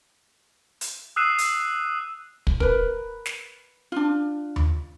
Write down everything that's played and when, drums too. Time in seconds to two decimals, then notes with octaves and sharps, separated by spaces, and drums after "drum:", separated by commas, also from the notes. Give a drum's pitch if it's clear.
0.81 drum: hi-hat
1.16 D#6 E6 F#6 C7 D#7 E7
1.38 drum: hi-hat
2.47 drum: kick
2.60 A#4 B4, drum: kick
3.26 drum: snare
3.92 D4 F4
4.56 drum: tom D#2